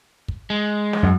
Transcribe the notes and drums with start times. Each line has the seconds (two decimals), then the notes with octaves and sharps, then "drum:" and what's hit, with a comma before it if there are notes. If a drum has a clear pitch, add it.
0.28 drum: kick
0.50 G#3
0.93 drum: snare
1.03 F#2